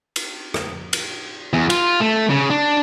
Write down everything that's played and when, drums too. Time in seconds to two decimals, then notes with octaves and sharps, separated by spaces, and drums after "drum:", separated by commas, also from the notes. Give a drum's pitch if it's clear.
0.16 drum: cymbal
0.54 drum: rim click
0.93 drum: cymbal
1.53 E2
1.70 F4, drum: cymbal
2.00 A3
2.30 C#3
2.50 D4